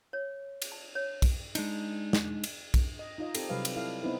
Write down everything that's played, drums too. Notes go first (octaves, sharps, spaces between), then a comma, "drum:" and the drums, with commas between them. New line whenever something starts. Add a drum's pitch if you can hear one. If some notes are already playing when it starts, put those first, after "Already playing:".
C#5
drum: cymbal
A5
C#5
drum: kick, cymbal
G#3 D4 D#4, drum: cymbal
drum: snare
drum: cymbal
drum: kick, cymbal
D#5
D#4 F4 D#5
C4 G4 A4, drum: cymbal
C3 F#3 G3 B4 F5
drum: cymbal
E4 A4 F5
B3 C4 D#4 E4 B4